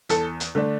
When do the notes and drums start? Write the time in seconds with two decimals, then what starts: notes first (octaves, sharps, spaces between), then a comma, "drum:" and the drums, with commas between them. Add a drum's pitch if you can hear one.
0.09 E2 A4, drum: hi-hat
0.40 drum: hi-hat
0.55 D3 A3 D4